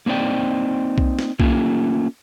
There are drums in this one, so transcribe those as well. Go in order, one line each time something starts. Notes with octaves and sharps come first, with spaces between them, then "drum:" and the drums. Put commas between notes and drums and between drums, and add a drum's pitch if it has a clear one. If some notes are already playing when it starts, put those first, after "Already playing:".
A#3 C4 D#4 D5 G5
drum: kick B1
drum: snare
A3 A#3 C#4 F4, drum: kick B1